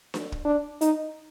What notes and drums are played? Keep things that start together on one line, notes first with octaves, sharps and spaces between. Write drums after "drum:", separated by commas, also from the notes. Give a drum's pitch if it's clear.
drum: snare D4
drum: kick
D4
D#4, drum: hi-hat